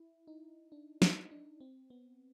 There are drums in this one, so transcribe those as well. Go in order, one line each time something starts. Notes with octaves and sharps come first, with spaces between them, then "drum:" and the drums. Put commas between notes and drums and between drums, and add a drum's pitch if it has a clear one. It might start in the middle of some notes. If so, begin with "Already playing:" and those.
Already playing: E4
D#4
D4
D#4, drum: snare
D4
C4
B3